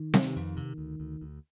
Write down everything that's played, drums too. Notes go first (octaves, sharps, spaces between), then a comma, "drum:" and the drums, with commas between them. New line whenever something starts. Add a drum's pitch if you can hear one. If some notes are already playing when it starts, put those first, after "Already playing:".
Already playing: D#3
C3, drum: snare C4
F2
C3
D2
D2
D2